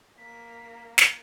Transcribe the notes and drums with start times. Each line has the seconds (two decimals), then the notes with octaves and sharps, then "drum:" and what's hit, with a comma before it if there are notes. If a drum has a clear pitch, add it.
0.18 A#3 B6
0.98 drum: snare